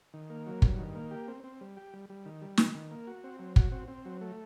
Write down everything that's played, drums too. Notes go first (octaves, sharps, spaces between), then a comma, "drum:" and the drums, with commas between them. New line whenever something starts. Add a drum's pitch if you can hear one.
D#3
A#3
F#3
G2, drum: kick
D#3
A#3
G4
C4
C4
G3
G4
G3
G3
D#3
G3
D#3, drum: snare
D#3
A#3
F#4
C4
F#3
F#4, drum: kick
C4
C4
F#3
A3